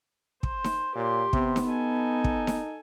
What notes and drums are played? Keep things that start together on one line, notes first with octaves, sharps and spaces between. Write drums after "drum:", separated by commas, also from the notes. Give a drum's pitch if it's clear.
C5, drum: kick
drum: snare D#4
A#2 G4 C#5 C6
C3 B3, drum: kick
drum: snare D#4
D#4 A4 G#5
drum: kick
drum: snare D#4